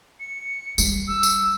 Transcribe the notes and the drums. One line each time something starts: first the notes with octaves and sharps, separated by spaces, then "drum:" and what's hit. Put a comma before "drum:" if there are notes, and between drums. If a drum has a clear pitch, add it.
C#7
G3, drum: tambourine
E6
drum: tambourine